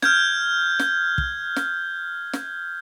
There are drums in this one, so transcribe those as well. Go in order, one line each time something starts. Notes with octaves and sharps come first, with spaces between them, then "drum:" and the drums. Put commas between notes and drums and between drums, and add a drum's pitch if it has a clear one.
F6 G6 G#6, drum: snare
drum: snare
drum: kick
drum: snare
drum: snare